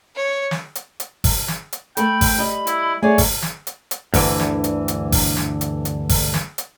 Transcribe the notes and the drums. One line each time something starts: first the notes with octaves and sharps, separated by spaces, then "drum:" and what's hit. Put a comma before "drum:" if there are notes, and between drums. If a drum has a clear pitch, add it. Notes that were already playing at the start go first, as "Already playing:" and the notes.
C#5
drum: snare
drum: hi-hat
drum: hi-hat
drum: kick G#1, open hi-hat
drum: snare
drum: hi-hat
A3 A4 G5 B5, drum: hi-hat
drum: kick G#1, open hi-hat
G3 D#5 B5
E4, drum: hi-hat
A3 G#4 C#5 D5 G#5
drum: kick G#1, open hi-hat
drum: snare
drum: hi-hat
drum: hi-hat
D2 G2 D3 E3, drum: kick G#1, open hi-hat
drum: snare
drum: hi-hat
drum: hi-hat
drum: kick G#1, open hi-hat
drum: snare
drum: hi-hat
drum: hi-hat
drum: kick G#1, open hi-hat
drum: snare
drum: hi-hat